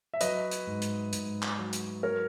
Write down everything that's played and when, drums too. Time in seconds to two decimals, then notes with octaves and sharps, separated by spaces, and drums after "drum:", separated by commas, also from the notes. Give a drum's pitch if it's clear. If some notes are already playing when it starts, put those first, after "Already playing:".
0.14 E5
0.21 F#3 B4 D#5, drum: hi-hat
0.51 drum: hi-hat
0.67 G#2
0.82 drum: hi-hat
1.13 G#2, drum: hi-hat
1.42 drum: clap
1.58 F#3
1.73 drum: hi-hat
2.03 F#3 A#4 C#5